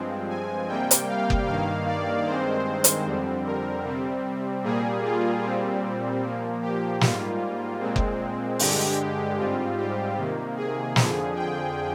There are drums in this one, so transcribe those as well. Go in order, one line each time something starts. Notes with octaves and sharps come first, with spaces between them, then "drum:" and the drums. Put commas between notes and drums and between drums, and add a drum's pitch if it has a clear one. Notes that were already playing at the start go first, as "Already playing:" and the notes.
Already playing: G2 F3 G#3 C4
G#5
C3 G3 A#3 G5
drum: hi-hat
F5
drum: kick F#1
G2 D#3 A#3 F5
D5
G2 D#3 G#3 C4 C5
drum: hi-hat
F2 D3 G3 C4
A#4
C3 G3 C4
A#2 G3 A#3 G#4
F4
A#2 G3 C4
A#2 F3 A#3
G4
G#2 G3 A#3 F4, drum: snare
A#2 G#3 C4
drum: kick F#1
G2 D3 G#3 G4, drum: open hi-hat
G4
G#2 G3 C4 F4
G4
C3 D#3 A#3
G#4
F2 D3 F3 G#4, drum: snare
G5